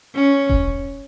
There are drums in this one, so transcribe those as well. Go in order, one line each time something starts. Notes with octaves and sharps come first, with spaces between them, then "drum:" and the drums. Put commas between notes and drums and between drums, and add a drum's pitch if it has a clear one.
C#4
drum: kick E1